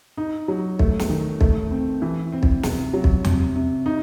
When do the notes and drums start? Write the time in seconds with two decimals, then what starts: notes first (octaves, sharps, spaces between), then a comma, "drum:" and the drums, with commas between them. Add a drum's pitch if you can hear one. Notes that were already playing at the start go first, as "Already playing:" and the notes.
0.17 D#4
0.48 F#3
0.79 A3, drum: kick
0.99 drum: snare
1.10 D#3
1.41 A3, drum: kick
1.71 C4
2.02 E3
2.32 C4
2.43 drum: kick
2.63 C3, drum: snare
2.94 F#3
3.04 drum: kick
3.25 C3, drum: tom E2
3.56 C3
3.86 D#4